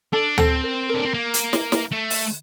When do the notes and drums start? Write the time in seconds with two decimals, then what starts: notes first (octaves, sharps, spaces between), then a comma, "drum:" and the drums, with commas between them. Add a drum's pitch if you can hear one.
0.12 D4 A4 A5
0.38 C4 A4 A5, drum: tom D2
0.63 A#4
0.89 D4 A#4
1.05 C4
1.14 A#3
1.34 drum: hi-hat
1.53 drum: snare
1.72 drum: snare
1.92 A3
2.10 drum: open hi-hat